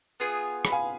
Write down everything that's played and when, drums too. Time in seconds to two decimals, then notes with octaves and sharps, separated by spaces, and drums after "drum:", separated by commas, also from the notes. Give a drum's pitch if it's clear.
0.20 B3 F4 G#4
0.65 B5, drum: rim click
0.72 F5 G#5